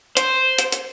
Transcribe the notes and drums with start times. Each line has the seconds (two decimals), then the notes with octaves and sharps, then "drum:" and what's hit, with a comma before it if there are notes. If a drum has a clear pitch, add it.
0.17 C5, drum: hi-hat
0.59 drum: hi-hat
0.72 drum: hi-hat